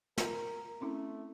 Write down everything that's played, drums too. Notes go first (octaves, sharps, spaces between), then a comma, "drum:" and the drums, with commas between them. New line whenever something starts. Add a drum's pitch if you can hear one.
A#4, drum: snare
A3 C4 C#4 E4